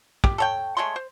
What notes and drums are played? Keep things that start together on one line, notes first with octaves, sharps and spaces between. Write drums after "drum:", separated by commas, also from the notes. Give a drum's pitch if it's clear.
G4, drum: kick
A4 C#5 G5
G#3 A3 C#5 C6
C5